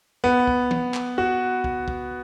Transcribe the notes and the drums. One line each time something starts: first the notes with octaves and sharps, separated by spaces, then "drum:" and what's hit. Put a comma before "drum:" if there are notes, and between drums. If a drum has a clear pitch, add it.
B3
drum: kick
drum: tom E3
drum: clap
F#4
drum: kick
drum: kick